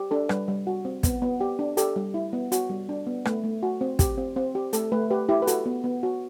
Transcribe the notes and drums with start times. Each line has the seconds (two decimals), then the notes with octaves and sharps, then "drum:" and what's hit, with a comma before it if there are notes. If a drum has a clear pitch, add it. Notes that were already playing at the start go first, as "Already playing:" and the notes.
Already playing: G4
0.11 D4 A4
0.29 G3 B4, drum: rim click
0.48 G3
0.67 F#4
0.85 C4
1.03 B3, drum: kick, hi-hat
1.22 B3
1.41 G4
1.59 D4
1.77 G4 A4, drum: hi-hat
1.96 G3
2.14 E4
2.33 B3
2.52 F#4, drum: hi-hat
2.70 G3
2.89 D4
3.07 B3
3.25 A3 B4, drum: rim click
3.44 A3
3.63 F#4
3.81 C4
3.99 G4, drum: kick, hi-hat
4.18 C4
4.36 C4
4.55 G4
4.73 A3 A4, drum: hi-hat
4.92 A3 B4
5.11 G4 B4
5.29 E4 G4
5.42 B4
5.47 F#4 A4, drum: hi-hat
5.66 B3
5.84 B3
6.03 F#4